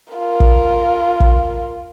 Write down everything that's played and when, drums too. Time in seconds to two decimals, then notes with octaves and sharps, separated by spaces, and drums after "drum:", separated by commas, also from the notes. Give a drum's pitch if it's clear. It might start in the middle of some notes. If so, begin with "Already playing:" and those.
0.13 F4 A#4
0.40 drum: kick
1.20 drum: kick